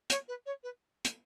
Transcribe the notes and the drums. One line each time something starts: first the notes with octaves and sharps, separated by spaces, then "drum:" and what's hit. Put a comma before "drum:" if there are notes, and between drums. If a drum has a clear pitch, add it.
C#5, drum: hi-hat
B4
C#5
B4
drum: hi-hat